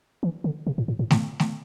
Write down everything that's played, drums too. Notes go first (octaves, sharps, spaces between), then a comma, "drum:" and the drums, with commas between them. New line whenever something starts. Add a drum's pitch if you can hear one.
E3
D3
C3
A2
A2
A2
A2, drum: snare A3
drum: snare A3